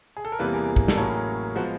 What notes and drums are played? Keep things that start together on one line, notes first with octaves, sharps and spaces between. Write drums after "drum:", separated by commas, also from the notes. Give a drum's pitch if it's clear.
G#4
A4
A#4
E2 C3 E3 G3 A#3 A4 B4
G#4 A#4
drum: kick
A4, drum: snare
A1 A2 F#3 A#3 C#4 G#4 A#4
F3 G#3 B3 F#4